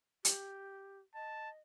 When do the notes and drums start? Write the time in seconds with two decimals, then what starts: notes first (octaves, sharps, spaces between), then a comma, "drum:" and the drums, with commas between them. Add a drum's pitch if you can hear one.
0.25 G4, drum: hi-hat
1.15 D#5 A5